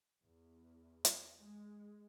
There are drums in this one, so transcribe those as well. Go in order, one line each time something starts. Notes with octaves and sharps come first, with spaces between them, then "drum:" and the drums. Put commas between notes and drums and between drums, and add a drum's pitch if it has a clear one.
E2
drum: hi-hat
G#3